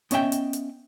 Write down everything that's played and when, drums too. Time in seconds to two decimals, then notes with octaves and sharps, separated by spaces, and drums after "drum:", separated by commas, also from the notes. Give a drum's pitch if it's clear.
0.11 B3 C#4 D#5 E5 G5, drum: hi-hat
0.32 drum: hi-hat
0.53 drum: hi-hat